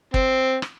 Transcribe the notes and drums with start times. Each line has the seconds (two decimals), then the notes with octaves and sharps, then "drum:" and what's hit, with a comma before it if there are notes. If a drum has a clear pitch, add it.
0.14 C4, drum: kick
0.62 drum: rim click